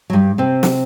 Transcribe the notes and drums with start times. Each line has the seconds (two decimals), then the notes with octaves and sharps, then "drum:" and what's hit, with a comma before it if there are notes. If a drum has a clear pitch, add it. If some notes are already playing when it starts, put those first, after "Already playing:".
0.10 F#3
0.13 G2 G3
0.38 C3 C4
0.63 drum: snare